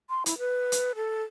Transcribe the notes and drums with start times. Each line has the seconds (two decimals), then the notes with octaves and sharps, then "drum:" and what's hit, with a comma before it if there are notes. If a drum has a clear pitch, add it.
0.10 C6
0.26 E4, drum: hi-hat
0.39 B4
0.72 drum: hi-hat
0.96 A4